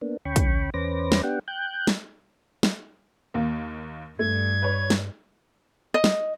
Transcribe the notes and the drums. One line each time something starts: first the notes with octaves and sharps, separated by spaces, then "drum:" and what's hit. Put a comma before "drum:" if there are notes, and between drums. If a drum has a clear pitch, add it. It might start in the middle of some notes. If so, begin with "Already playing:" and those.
A#3 B3 D4
D2 C#4 G5 B5 C#6
drum: kick, hi-hat
E2 C#4 B4 C5 D6 A#6
drum: snare
B3 D4 G4 F#5 G5
G5 F#6 G6
drum: snare
drum: snare
D#2 A#3
G2 A3 G#6
B4 C#5
drum: snare
D#5
drum: snare